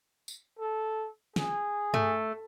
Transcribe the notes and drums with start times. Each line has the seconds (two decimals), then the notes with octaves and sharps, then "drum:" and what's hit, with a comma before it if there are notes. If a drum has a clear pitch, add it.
0.28 drum: tambourine
0.59 A4
1.36 G#4, drum: snare
1.94 A3, drum: tom G2